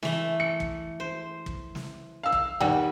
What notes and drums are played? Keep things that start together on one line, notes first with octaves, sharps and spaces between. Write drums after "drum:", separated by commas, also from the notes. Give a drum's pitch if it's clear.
E3 A3, drum: snare
C#7
drum: kick
C5
drum: kick
drum: snare
F5 E6
drum: kick
D#2 G3 F#5 G5